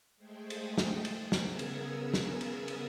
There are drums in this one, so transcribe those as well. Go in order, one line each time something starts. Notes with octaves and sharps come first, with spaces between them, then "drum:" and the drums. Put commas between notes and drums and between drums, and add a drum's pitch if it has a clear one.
G#3 A3 G#4 C5 G5
drum: cymbal
drum: snare
drum: cymbal
C#3 B3 G#4 A#4 E6 G#6, drum: snare
drum: cymbal
drum: snare
drum: cymbal
drum: cymbal